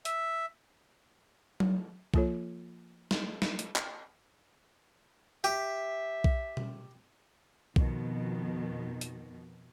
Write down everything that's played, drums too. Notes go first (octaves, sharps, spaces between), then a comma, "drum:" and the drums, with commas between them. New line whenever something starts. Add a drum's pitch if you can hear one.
E5, drum: hi-hat
drum: tom F#3
F3 A#3 F4 A4 C#5, drum: kick B1
drum: snare
drum: snare
drum: hi-hat
drum: clap
G4 E5, drum: hi-hat
drum: kick B1
drum: tom B2
F2 B2 D#3, drum: kick B1
drum: hi-hat